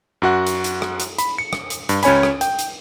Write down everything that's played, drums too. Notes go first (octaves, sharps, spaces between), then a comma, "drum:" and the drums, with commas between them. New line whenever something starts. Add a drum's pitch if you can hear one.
F#2 F#4 F#5
drum: hi-hat
drum: hi-hat
drum: rim click
drum: hi-hat
B5, drum: hi-hat
C#7
drum: rim click
drum: hi-hat
G2, drum: hi-hat
C#2 C#4 C#5 G#5 B5, drum: hi-hat
drum: rim click
G5, drum: hi-hat
drum: hi-hat